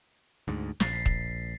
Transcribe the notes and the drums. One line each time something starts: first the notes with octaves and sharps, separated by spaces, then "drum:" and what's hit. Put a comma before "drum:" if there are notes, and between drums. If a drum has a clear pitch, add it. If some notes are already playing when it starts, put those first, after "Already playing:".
D2 G#2
A#1 A6 C7, drum: snare
B6 C7
drum: kick